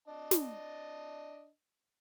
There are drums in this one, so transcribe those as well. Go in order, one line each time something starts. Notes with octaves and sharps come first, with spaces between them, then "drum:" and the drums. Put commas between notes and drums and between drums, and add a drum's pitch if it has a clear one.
D4 D#5 A5
drum: snare